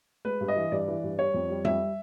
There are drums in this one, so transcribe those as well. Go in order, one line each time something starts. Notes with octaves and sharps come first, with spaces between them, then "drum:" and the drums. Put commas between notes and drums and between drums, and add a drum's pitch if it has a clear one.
G#3 B4
G2
D#5
E3
G2 D5
E3
G2
G3 C#5
F2
G3
F2 E5, drum: tom G3